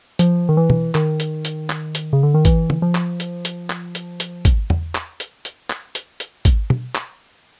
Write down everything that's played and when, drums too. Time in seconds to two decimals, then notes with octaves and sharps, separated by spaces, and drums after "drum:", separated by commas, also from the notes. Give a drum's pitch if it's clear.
0.19 F3, drum: hi-hat
0.49 D#3
0.57 E3
0.70 drum: tom
0.95 D#3, drum: clap
1.20 drum: hi-hat
1.45 drum: hi-hat
1.70 drum: clap
1.95 drum: hi-hat
2.13 C#3
2.23 D3
2.34 D#3
2.45 E3, drum: kick, hi-hat
2.70 drum: tom
2.82 F3
2.95 drum: clap
3.20 drum: hi-hat
3.45 drum: hi-hat
3.70 drum: clap
3.95 drum: hi-hat
4.20 drum: hi-hat
4.45 drum: kick, hi-hat
4.70 drum: tom E2
4.95 drum: clap
5.20 drum: hi-hat
5.45 drum: hi-hat
5.70 drum: clap
5.95 drum: hi-hat
6.20 drum: hi-hat
6.45 drum: kick, hi-hat
6.70 drum: tom
6.95 drum: clap